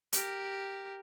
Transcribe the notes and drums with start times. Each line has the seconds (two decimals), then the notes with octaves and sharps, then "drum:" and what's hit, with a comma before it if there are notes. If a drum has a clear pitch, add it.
0.13 G4 A#4, drum: hi-hat